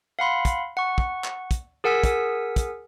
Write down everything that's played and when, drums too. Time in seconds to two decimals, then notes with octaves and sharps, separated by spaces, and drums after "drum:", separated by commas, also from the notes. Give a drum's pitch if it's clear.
0.19 F5 F#5 B5 C6
0.45 drum: kick, hi-hat
0.77 F#5 C#6
0.98 drum: kick
1.24 drum: clap
1.51 drum: kick, hi-hat
1.84 G#4 A#4 F#5 G#5 E6 B6
2.04 drum: kick, hi-hat
2.56 drum: kick, hi-hat